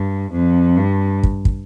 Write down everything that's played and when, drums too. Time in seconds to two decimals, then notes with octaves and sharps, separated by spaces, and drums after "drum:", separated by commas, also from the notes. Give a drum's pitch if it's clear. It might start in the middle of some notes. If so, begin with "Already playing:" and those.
Already playing: G2
0.31 F2
0.77 G2
1.23 drum: kick
1.45 drum: kick